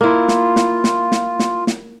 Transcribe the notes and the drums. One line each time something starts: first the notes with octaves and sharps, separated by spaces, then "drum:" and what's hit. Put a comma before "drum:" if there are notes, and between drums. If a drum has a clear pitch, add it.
A#3 E4 F4
drum: snare
drum: snare
drum: snare
drum: snare
drum: snare
drum: snare